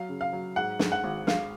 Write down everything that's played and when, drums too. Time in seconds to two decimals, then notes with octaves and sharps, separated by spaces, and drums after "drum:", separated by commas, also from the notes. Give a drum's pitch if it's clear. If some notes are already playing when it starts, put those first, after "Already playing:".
Already playing: F#3 F5
0.09 C#3
0.21 F5
0.33 F#3
0.56 G#2 F#5
0.79 G#2, drum: snare
0.92 F#5
1.04 G#1
1.27 G#3 F5, drum: snare